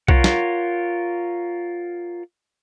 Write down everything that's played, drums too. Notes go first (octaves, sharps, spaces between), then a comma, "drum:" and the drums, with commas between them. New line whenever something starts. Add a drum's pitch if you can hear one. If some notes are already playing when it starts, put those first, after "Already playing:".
F4 A#4 C#5 F#5, drum: kick B1
drum: snare